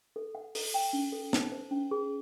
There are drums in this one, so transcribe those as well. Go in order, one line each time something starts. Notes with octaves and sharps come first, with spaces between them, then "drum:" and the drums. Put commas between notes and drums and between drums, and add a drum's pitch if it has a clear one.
A4
F#5
A4, drum: open hi-hat
G5
C#4
A4
D#4, drum: snare
C5
C#4
G#4